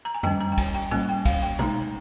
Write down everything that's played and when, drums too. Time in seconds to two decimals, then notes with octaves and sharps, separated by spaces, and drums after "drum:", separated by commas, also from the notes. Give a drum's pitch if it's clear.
0.05 A#5
0.15 G#5
0.23 G3 C#4 G5, drum: tom F2
0.41 A#5
0.52 G5
0.58 G#5, drum: kick, cymbal
0.75 G5
0.91 G3 A#3 C#4 G#5, drum: tom A2
1.09 G5
1.25 F5, drum: kick, cymbal
1.42 G5
1.59 G#3 D#4 A#5, drum: tom B2